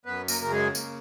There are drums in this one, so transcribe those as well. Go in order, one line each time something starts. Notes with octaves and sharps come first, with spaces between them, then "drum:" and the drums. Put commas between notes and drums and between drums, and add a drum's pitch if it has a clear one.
F#2 B3 B4
A#3 A#4, drum: tambourine
C#3 A#4
G#3 G#4
A#3, drum: tambourine